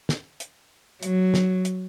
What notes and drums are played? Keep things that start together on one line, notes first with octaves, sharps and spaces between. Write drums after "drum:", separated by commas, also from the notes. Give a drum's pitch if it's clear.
drum: snare
drum: hi-hat
F#3, drum: hi-hat
drum: snare
drum: hi-hat